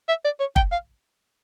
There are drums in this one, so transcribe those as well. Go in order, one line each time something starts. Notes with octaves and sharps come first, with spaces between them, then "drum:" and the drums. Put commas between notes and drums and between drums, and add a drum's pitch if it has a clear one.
E5
D5
C#5
G5, drum: kick
F5